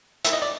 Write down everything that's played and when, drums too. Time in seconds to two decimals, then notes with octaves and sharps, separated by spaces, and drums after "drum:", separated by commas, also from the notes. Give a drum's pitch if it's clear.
0.25 E5, drum: hi-hat
0.33 D#5
0.42 D5